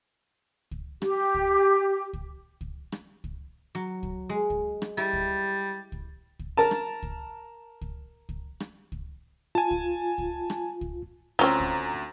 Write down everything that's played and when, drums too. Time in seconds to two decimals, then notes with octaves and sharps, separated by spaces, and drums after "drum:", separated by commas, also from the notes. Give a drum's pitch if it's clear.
0.71 drum: kick
1.02 G4, drum: rim click
1.35 drum: kick
2.13 drum: kick
2.61 drum: kick
2.92 drum: rim click
3.24 drum: kick
3.75 F#3
4.03 drum: kick
4.29 G#3
4.50 drum: kick
4.82 drum: rim click
4.97 G3 E4
5.13 drum: kick
5.92 drum: kick
6.39 drum: kick
6.57 A#4 A5
6.71 drum: rim click
7.03 drum: kick
7.81 drum: kick
8.29 drum: kick
8.60 drum: rim click
8.92 drum: kick
9.55 F4 G#5 A5
9.71 drum: kick
10.18 drum: kick
10.50 drum: rim click
10.81 drum: kick
11.39 D2 C4 C#4 F4 A#5
11.60 drum: kick